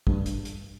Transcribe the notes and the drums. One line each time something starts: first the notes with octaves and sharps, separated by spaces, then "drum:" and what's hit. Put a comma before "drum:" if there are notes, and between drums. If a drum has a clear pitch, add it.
G2, drum: kick
drum: hi-hat
drum: hi-hat